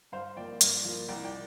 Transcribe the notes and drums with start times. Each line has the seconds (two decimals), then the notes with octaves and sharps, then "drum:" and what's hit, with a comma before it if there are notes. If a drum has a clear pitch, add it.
0.12 G2 C5 F5
0.37 F3 A#3 D5 G5
0.61 G2, drum: hi-hat
0.84 F3 A#3
1.08 C2 D5 G5
1.25 D5 G5